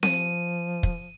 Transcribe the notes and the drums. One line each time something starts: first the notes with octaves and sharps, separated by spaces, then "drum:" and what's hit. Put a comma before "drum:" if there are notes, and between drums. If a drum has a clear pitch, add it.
F3 D#7, drum: snare C4
drum: kick